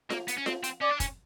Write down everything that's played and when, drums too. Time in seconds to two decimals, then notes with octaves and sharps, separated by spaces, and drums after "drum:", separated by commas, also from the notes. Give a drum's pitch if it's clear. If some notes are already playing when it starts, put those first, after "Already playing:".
0.10 A#3, drum: snare F4
0.28 B3, drum: hi-hat
0.37 C#4
0.46 C4, drum: snare F4
0.64 C4, drum: hi-hat
0.81 C#4 D5
0.90 D4
1.00 C#4, drum: kick, hi-hat